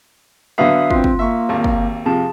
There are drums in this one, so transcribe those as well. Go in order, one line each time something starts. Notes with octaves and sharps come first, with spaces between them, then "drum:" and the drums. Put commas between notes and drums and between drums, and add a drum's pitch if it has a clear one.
D3 F#3 B3 E5 F5 D#6
C4 F4, drum: kick
drum: kick
A#3 E5 C#6
G#1 D#2
drum: kick
F2 C3 F3 G#4 A5